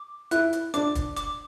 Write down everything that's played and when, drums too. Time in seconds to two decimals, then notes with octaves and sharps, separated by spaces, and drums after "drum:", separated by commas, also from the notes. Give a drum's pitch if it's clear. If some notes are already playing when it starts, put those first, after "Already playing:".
Already playing: D6
0.31 E4 F#6, drum: hi-hat
0.53 drum: hi-hat
0.74 D4 D6, drum: hi-hat
0.95 drum: kick, hi-hat
1.16 D6, drum: hi-hat